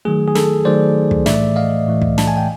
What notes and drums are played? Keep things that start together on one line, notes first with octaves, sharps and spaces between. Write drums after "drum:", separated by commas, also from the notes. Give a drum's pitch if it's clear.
D#3 F#3 A3 G#4
G#4
A4, drum: snare
D#3 F#3 A3 C5 D5
drum: kick
A2 E3 A3 D5 E5, drum: snare
D#5 F5
A2 E3 A3
drum: kick
A5, drum: snare
G#5
G5